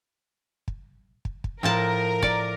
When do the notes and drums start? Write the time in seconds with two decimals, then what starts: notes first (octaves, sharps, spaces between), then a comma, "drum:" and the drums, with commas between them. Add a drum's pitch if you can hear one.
0.68 drum: kick
1.25 drum: kick
1.44 drum: kick
1.63 A2 F3 A#4 A5
2.23 D5, drum: kick